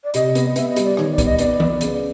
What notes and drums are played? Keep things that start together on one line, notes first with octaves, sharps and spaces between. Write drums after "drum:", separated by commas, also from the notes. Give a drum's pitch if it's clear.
D5
C3 D#5, drum: hi-hat
B3, drum: hi-hat
B3 E5, drum: hi-hat
D#5
G3, drum: hi-hat
D5
D#3 C#5, drum: rim click
D5
B3, drum: kick, hi-hat
D#5
B3 D5, drum: hi-hat
B3, drum: tom D#3
C#3, drum: hi-hat